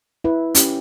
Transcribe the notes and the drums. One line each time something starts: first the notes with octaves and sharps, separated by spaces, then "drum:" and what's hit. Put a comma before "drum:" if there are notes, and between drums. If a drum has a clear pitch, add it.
E4 B4
C#4 G4, drum: hi-hat